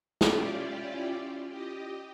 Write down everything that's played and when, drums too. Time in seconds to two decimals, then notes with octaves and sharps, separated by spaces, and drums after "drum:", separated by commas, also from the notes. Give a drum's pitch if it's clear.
0.21 C#4 E4 F4 G4 D5, drum: snare
1.49 G4 D#5